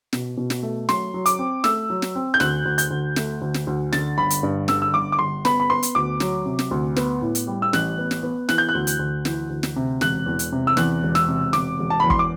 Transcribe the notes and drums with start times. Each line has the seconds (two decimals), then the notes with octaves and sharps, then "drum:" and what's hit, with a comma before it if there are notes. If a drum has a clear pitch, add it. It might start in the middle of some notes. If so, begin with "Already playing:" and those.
0.13 B2, drum: snare
0.37 B2
0.50 drum: snare
0.63 A3
0.89 F#3 C6, drum: snare
1.14 F#3
1.26 D6, drum: hi-hat
1.39 C4
1.64 A3 E6, drum: snare
1.90 F#3
2.02 drum: snare
2.15 C4
2.34 G6
2.40 D2 F#6, drum: snare
2.65 D2
2.78 G6, drum: hi-hat
2.90 D2
3.16 A3, drum: snare
3.41 D2
3.54 drum: snare
3.67 D2
3.93 D3 A6, drum: snare
4.18 G1 B5
4.30 drum: hi-hat
4.43 G2
4.68 D3 E6, drum: snare
4.82 E6
4.94 G1 D6
5.12 D6
5.19 G1 C6
5.45 B3 B5, drum: snare
5.60 B5
5.70 B3 C6
5.83 drum: hi-hat
5.95 D2 D6
6.20 F#3, drum: snare
6.45 C3
6.59 drum: snare
6.71 D2
6.96 B3, drum: snare
7.22 A2
7.35 drum: hi-hat
7.47 G3
7.62 E6
7.73 A1 F#6, drum: snare
7.98 B3
8.11 drum: snare
8.23 B3
8.49 E3 F#6, drum: snare
8.58 G6
8.69 F#6
8.75 D2
8.87 drum: hi-hat
8.99 D2
9.25 E3, drum: snare
9.50 D2
9.63 drum: snare
9.76 C3
10.01 E1 F#6, drum: snare
10.26 E2
10.39 drum: hi-hat
10.52 C3
10.67 E6
10.77 E2 F#6, drum: snare
11.03 E1
11.15 E6, drum: snare
11.28 C3
11.53 E1 D6, drum: snare
11.79 E1
11.90 A5
12.00 E2 B5
12.10 C6, drum: kick G1
12.19 D6